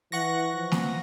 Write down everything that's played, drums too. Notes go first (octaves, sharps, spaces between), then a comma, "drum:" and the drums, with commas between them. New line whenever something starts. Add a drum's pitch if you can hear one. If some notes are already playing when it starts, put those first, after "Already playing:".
E3 F#5 C#6 A#6
F3
drum: snare